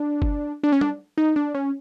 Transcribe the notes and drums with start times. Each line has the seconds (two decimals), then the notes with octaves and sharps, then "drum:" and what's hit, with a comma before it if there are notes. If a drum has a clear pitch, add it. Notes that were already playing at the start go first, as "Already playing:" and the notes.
Already playing: D4
0.22 drum: kick F#1
0.63 D4
0.72 C#4
0.81 D4, drum: tom
1.18 D#4
1.36 D4
1.55 C#4